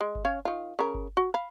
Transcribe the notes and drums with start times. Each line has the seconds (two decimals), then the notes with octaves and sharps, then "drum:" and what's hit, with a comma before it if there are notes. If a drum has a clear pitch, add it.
0.01 G#3
0.15 drum: kick G1
0.25 C#4 C#5 F5
0.45 D#3 F4
0.79 C#3 A#4
0.94 drum: kick G1
1.17 F#4
1.34 F5 B5